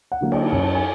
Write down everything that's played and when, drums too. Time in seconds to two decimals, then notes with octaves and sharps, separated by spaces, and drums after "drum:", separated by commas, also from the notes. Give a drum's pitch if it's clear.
0.12 F#5
0.21 D3 F#3 A#3
0.32 G5, drum: cymbal
0.52 F#2 G#5
0.64 A5
0.75 G#5